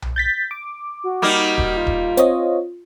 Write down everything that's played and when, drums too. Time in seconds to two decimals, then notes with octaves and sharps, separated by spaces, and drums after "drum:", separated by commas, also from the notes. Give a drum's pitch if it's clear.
0.02 drum: tom B1
0.16 G6 A6 B6
0.51 D6
1.04 F#4
1.22 G3 A#3 D#4 D6 F6
1.58 drum: kick D#1
1.77 F4
1.87 drum: kick D#1
2.17 C4 C#5 D#5, drum: hi-hat